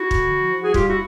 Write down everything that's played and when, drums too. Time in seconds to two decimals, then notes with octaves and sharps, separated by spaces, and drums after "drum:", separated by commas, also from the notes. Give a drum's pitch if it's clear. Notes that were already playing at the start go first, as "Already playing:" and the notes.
Already playing: E4 F#4
0.11 D3, drum: kick
0.28 F3
0.46 F3
0.63 G3 F#4 G#4
0.74 F4 G4, drum: kick
0.81 D#2
0.86 E4 F#4